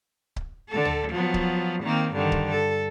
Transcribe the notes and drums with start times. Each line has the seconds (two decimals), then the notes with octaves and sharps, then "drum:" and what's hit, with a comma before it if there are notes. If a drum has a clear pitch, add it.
0.36 drum: kick C#1
0.70 D3 A4
0.85 drum: tom D2
1.10 F3 F#3 B3
1.34 drum: kick C#1
1.83 D#3 A#3 C4
2.13 G2 D3 D#3
2.32 drum: kick C#1
2.51 A4